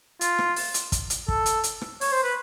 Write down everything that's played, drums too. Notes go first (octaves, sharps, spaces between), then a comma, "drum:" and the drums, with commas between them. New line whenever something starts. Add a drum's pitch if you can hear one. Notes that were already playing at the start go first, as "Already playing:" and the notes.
F4, drum: hi-hat
drum: rim click
drum: open hi-hat
drum: hi-hat
drum: kick, hi-hat
drum: hi-hat
A4, drum: kick
drum: hi-hat
drum: hi-hat
drum: rim click
C#5, drum: open hi-hat
C5
B4